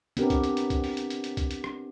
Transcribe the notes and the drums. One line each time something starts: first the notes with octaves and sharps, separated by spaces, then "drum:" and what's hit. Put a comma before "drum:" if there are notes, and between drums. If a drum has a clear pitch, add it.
B3 C4 D4 G4 A#4, drum: hi-hat
drum: kick, hi-hat
drum: hi-hat
drum: hi-hat
drum: kick, hi-hat
drum: open hi-hat
drum: hi-hat
drum: hi-hat
drum: hi-hat
drum: kick, hi-hat
drum: hi-hat
drum: rim click